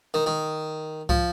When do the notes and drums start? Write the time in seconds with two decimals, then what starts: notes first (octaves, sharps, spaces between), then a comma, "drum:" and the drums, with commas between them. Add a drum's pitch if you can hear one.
0.14 D#3
0.26 D#3
1.09 F3, drum: kick C2